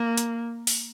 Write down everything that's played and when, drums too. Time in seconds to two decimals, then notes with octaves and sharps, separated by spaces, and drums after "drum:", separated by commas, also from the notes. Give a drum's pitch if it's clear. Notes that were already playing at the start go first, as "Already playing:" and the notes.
Already playing: A#3
0.18 drum: hi-hat
0.67 drum: open hi-hat